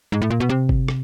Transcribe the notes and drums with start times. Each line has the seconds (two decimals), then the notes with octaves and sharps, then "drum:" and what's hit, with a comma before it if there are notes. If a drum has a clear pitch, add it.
0.12 G#2
0.22 A2
0.30 A#2
0.40 B2
0.49 C3
0.69 drum: kick G1
0.88 drum: rim click